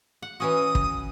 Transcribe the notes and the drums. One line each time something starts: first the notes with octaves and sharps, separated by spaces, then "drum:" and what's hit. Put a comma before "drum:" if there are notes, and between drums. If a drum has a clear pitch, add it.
F#5
E3 C#4 F#4 D#6
drum: kick